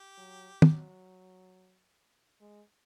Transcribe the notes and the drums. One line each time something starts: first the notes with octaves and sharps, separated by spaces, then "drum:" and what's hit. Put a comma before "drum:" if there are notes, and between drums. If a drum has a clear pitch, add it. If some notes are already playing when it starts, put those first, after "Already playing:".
Already playing: G4
F#3
F#3, drum: tom
G#3